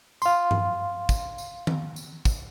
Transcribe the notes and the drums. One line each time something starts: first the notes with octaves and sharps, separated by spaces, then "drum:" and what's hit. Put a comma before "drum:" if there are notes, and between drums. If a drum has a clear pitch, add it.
F5 C6, drum: tambourine
drum: tom G2
drum: kick, tambourine
drum: tambourine
drum: tom D#3
drum: tambourine
drum: kick, tambourine